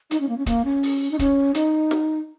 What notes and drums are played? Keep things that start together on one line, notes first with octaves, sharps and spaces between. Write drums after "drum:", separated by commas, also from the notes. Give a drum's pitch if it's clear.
D#4, drum: hi-hat
C#4
A#3
C#4
A#3, drum: kick, hi-hat
C#4
drum: open hi-hat
D#4
C#4, drum: kick, hi-hat
D#4, drum: hi-hat
drum: snare